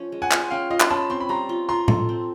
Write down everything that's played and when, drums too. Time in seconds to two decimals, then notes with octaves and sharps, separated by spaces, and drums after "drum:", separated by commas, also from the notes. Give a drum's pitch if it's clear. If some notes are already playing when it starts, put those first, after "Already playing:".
Already playing: F3 C#4
0.12 G#3
0.22 F#5 G#5
0.31 F4, drum: clap
0.51 C#4 F5 G5
0.71 F4 D#5 F5
0.80 drum: clap
0.90 C#4 A5 B5
1.10 C4 C6
1.20 B5
1.29 G3 A#5 C6
1.49 F4
1.69 F4 A#5 C6
1.88 A4, drum: tom A2
2.09 C4